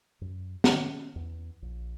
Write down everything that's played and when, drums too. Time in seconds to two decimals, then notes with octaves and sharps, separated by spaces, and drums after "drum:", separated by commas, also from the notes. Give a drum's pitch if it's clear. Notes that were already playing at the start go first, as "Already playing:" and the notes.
0.21 F#2
0.64 C#4, drum: snare
1.16 E2
1.62 A#1